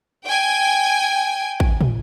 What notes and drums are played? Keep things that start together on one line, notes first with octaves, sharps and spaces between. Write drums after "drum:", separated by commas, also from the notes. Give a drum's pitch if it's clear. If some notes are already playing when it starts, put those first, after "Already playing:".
G5 G#5
drum: kick A1
drum: tom